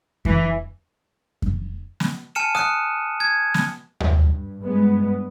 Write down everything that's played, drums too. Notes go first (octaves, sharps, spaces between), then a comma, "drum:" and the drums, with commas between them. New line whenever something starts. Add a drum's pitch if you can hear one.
E3, drum: kick F2
drum: kick F2
drum: snare
G#5 A5 F6 C#7 D#7 E7
D#6 F#6 C#7, drum: rim click
G#6
drum: snare
drum: tom D#2
G2
G2 G#3 B3